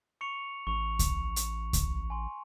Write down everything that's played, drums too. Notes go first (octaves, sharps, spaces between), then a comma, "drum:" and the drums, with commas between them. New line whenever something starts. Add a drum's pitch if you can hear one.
C#6 C#7 F7
A1 C#6 F7
drum: kick C#2, hi-hat
drum: hi-hat
drum: kick C#2, hi-hat
G#5 C6